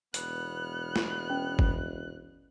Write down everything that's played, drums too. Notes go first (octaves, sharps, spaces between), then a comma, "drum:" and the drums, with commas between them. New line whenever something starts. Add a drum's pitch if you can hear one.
E1 B3 F6 F#6, drum: hi-hat
drum: snare
C#4
drum: kick